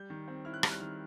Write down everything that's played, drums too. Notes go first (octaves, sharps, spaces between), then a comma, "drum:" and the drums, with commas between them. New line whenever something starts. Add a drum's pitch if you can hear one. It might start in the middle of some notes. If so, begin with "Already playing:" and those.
Already playing: G3 G6
D#3
C4
E4 F6
F#6
G3 F6, drum: rim click
F#6
D#3 F6